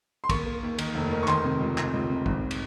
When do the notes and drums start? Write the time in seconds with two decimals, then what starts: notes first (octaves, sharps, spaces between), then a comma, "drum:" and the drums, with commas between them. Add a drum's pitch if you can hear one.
0.24 C6
0.29 A#3 C#6, drum: kick, cymbal
0.46 A#3
0.63 D#2
0.78 D#3, drum: cymbal
0.95 F1
1.12 D#3
1.23 C#6
1.28 D#3 C6, drum: clap
1.44 C3
1.60 C#2
1.78 C3, drum: clap
1.93 C#2
2.09 C3
2.26 G#1, drum: kick
2.51 drum: cymbal